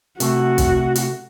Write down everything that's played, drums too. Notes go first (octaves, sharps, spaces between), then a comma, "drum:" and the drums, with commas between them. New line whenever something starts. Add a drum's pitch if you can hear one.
C3 A3 F#4, drum: hi-hat
drum: kick, hi-hat
drum: hi-hat